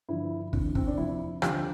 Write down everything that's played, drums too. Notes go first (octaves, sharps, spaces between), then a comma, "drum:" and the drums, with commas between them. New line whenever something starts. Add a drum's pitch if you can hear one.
G2 D3 F3 E4
D2 C3 E3, drum: kick
C4, drum: kick
D4
F2 C3 F3 E4
D2 D3 F3 G4, drum: rim click